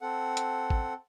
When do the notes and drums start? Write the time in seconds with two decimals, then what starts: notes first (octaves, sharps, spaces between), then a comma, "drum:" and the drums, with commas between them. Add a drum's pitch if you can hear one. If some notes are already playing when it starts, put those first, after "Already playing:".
0.01 C4 A4 F#5
0.37 drum: hi-hat
0.70 drum: kick A1